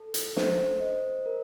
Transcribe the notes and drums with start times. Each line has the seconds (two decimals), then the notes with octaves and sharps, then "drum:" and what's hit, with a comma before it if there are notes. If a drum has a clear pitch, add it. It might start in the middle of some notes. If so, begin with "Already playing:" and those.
Already playing: A4
0.14 drum: hi-hat
0.36 C5, drum: snare
0.80 D#5
1.26 A#4